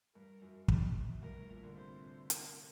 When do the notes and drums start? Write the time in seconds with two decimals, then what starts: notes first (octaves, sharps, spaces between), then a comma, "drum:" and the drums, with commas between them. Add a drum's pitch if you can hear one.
0.15 G2 A#4
0.42 F#2
0.68 drum: kick
1.12 F#2
1.22 G2 A#4
1.36 A2
1.49 A#2
1.63 D3
1.76 C3 C5
2.30 A#4, drum: hi-hat